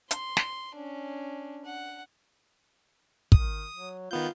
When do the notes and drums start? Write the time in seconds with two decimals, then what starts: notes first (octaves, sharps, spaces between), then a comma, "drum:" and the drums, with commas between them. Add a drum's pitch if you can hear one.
0.11 C6, drum: hi-hat
0.37 drum: snare
0.75 C#4 D4
1.65 F#5
3.32 D#3 D#6, drum: kick
3.75 F#3
4.11 D#3 B3 F4 G6